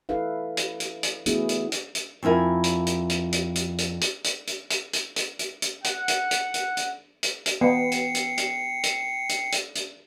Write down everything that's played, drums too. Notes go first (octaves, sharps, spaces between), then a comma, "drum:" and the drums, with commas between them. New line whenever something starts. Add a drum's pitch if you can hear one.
E4 A4 B4 F5
drum: hi-hat
drum: hi-hat
drum: hi-hat
A3 B3 C#4 E4 F#4 G#4, drum: hi-hat
drum: hi-hat
drum: hi-hat
drum: hi-hat
F2 A3 E4 A#4 G#5
drum: hi-hat
drum: hi-hat
drum: hi-hat
drum: hi-hat
drum: hi-hat
drum: hi-hat
drum: hi-hat
drum: hi-hat
drum: hi-hat
drum: hi-hat
drum: hi-hat
drum: hi-hat
drum: hi-hat
drum: hi-hat
F#5, drum: hi-hat
drum: hi-hat
drum: hi-hat
drum: hi-hat
drum: hi-hat
drum: hi-hat
drum: hi-hat
B3 G5 C7 C#7
drum: hi-hat
drum: hi-hat
drum: hi-hat
drum: hi-hat
drum: hi-hat
drum: hi-hat
drum: hi-hat